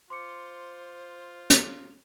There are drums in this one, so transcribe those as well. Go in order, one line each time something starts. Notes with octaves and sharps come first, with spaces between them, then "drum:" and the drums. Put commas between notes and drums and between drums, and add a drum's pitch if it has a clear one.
F4 C5 C6 D6 C#7
drum: hi-hat